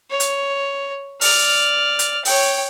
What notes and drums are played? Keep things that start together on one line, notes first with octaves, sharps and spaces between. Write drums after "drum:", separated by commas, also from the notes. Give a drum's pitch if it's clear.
C#5
drum: hi-hat
D5 F6, drum: open hi-hat
drum: hi-hat
C#5 G5, drum: open hi-hat